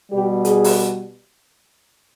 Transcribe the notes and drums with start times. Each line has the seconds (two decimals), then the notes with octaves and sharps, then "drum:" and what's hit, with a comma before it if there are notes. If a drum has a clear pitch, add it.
0.11 B2 G3 G4
0.45 G#4, drum: hi-hat
0.64 drum: open hi-hat